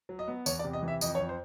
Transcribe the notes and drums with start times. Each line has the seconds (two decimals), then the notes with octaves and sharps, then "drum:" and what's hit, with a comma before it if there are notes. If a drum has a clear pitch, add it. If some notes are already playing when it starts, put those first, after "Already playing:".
0.09 F#3
0.19 D#5
0.28 B3
0.46 E2 C#5, drum: tambourine
0.59 D5
0.65 C3
0.73 D#5
0.83 E3
0.88 E5
1.01 F2 D#5, drum: tambourine
1.15 C#5
1.20 F2
1.29 C5